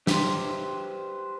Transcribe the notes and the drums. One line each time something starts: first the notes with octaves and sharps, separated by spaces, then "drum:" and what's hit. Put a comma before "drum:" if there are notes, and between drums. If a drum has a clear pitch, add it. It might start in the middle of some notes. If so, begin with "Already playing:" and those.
G4 B4 C5, drum: snare